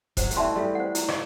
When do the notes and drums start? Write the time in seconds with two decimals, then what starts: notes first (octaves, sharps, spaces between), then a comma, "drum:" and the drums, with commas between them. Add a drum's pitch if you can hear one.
0.17 F#3 C5, drum: kick E1, hi-hat
0.31 A3, drum: hi-hat
0.36 E3 G3 E5 A5 C6
0.56 E3 G3 A4
0.75 C5 F#5
0.95 E4, drum: hi-hat
1.08 drum: rim click